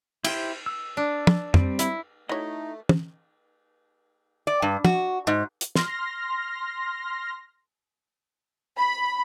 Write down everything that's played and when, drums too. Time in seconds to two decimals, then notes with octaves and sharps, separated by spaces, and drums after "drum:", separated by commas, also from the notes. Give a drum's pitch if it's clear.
0.25 E4 G4 C5 G5, drum: cymbal
0.66 E6
0.97 D4
1.27 drum: tom
1.54 G3 C4, drum: tom
1.79 E4, drum: hi-hat
2.29 A3 D#4 E4 F#4 C#5 D#5
2.89 drum: tom
4.47 D5
4.62 G2
4.85 F#4, drum: tom
5.27 G#2
5.61 drum: hi-hat
5.76 C6 F6 A#6, drum: snare
8.77 B5